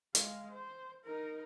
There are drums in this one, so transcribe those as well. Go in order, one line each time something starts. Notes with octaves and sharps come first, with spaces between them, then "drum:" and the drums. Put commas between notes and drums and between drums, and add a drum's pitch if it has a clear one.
G#3 F5, drum: hi-hat
C5
D#4 A#4